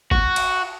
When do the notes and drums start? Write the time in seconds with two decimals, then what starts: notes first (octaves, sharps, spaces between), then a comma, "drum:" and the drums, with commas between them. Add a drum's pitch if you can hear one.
0.11 F#4, drum: kick
0.36 drum: cymbal